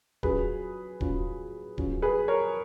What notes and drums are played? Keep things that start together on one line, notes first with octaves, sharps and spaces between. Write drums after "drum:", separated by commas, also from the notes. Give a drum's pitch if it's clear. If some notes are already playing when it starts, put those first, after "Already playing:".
F#3 C#4 F4 G#4 B4, drum: kick D1
F#3 C#4 F4, drum: kick D1
F#3 C#4 F4, drum: kick D1
G#4 B4
A#4 C#5